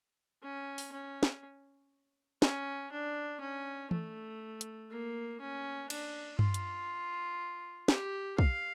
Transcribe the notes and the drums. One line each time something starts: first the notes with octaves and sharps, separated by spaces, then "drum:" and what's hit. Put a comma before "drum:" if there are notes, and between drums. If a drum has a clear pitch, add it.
C#4
drum: open hi-hat
C#4
drum: snare
C#4, drum: snare
D4
C#4
A3, drum: tom E3
drum: hi-hat
A#3
C#4
D4, drum: cymbal
F4, drum: tom G2
drum: hi-hat
G4, drum: snare
F5, drum: kick